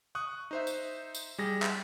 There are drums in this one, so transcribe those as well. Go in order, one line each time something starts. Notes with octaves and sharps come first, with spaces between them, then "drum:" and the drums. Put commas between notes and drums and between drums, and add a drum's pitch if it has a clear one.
C#6 D#6 F#6
D#4 C5 E5
drum: tambourine
drum: tambourine
G3 G#4 A#6
drum: clap